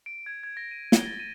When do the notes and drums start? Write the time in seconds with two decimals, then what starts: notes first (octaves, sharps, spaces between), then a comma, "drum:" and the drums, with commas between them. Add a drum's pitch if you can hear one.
0.06 D7
0.26 G#6
0.44 G#6
0.57 A#6
0.71 D#7
0.92 G7, drum: snare
1.06 A6
1.20 D#7